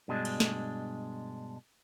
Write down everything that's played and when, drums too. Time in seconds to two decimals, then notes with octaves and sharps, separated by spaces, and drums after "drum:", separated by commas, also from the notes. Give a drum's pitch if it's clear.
0.08 G2 B2 G#3 D4
0.25 drum: cymbal
0.40 drum: snare